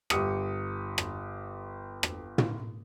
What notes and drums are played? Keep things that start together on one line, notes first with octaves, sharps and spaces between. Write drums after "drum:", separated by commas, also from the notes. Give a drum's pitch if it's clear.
G1 G4 D#6 C#7, drum: rim click
drum: rim click
drum: rim click
drum: tom